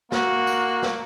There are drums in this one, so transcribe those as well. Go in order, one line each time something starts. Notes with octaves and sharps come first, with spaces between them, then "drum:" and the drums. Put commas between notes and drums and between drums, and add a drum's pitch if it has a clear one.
A#3 F#4, drum: snare
drum: tambourine
drum: snare